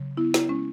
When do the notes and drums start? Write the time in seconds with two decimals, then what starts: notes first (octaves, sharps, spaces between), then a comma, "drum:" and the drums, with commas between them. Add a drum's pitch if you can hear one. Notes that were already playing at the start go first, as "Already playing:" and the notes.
Already playing: C#3 F#3
0.17 B3 E4
0.34 E4, drum: snare
0.49 G#3 C#4